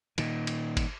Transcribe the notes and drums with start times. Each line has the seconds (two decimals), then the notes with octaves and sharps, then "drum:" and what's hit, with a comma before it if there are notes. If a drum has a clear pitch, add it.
0.18 A#2 D#3, drum: cymbal
0.47 drum: cymbal
0.77 drum: kick, cymbal